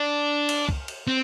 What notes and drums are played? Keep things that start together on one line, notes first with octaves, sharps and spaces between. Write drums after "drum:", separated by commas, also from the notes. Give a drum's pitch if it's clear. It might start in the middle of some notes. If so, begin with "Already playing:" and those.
Already playing: D4
drum: cymbal
drum: kick
drum: cymbal
C4